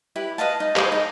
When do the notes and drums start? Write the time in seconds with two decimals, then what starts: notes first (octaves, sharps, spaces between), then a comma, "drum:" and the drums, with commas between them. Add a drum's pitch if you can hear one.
0.16 E4 G4 B4
0.38 B4 D#5 F5 A5
0.60 D#4
0.76 G#4 C5 B5 D6, drum: clap
0.92 D#4